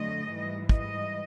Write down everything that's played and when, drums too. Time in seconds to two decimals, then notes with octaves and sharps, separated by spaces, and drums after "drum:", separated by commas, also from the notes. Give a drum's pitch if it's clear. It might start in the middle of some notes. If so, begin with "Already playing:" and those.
Already playing: F2 D3 F#3 A3 D#5
0.28 G#2 E3 G3
0.69 D#5, drum: kick